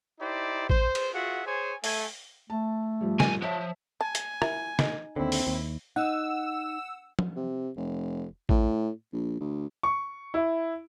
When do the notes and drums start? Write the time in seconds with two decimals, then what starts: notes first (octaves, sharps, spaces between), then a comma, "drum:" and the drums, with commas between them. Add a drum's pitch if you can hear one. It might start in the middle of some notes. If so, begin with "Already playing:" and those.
0.20 D#4 E4 G4 C5 D5
0.70 C5, drum: kick
0.95 drum: cymbal
1.14 F4 F#4 G#4 E5 F#5
1.46 G#4 C5 C#5 G#5
1.84 A3 G#5, drum: open hi-hat
2.50 A3 A5
3.01 G2 F3 G3
3.20 B1 G#5, drum: snare
3.42 F3 C#5 E5 A5
4.01 G#5 A5
4.15 drum: hi-hat
4.42 E4 A#4, drum: rim click
4.79 D#4, drum: snare
5.16 D#2 D3 C4 E4
5.32 drum: open hi-hat
5.47 D#2
5.96 D#4 F#5 E6
7.19 drum: tom
7.36 C3
7.77 F1
8.49 A2, drum: kick
9.13 A#1
9.40 D2
9.83 C#6
10.34 E4